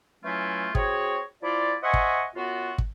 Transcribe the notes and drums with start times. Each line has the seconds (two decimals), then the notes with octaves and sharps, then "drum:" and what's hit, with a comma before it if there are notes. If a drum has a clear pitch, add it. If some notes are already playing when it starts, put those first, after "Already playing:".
0.25 E3 F#3 A3 C#4 E4 F4
0.75 C4 F#4 G#4 C#5, drum: kick
1.43 F3 E4 F4 D5
1.83 C5 D#5 E5 F#5 G#5 C#6
1.94 drum: kick
2.36 F#2 B3 F4 F#4
2.78 drum: kick